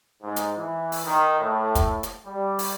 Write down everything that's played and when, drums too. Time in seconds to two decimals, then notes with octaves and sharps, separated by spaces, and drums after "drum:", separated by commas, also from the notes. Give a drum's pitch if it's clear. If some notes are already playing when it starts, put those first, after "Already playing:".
0.22 G#2
0.36 drum: hi-hat
0.57 E3
0.92 drum: open hi-hat
1.06 D#3
1.40 A2
1.75 drum: kick, hi-hat
2.03 drum: hi-hat
2.26 G3
2.59 drum: open hi-hat